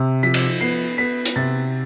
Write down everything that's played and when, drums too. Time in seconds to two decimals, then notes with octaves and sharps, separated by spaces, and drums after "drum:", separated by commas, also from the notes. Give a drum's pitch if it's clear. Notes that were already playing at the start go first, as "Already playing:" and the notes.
Already playing: C3
0.23 F3 B6
0.34 drum: cymbal
0.61 B3 C7
0.98 B3 B6
1.25 drum: hi-hat
1.36 C3 A6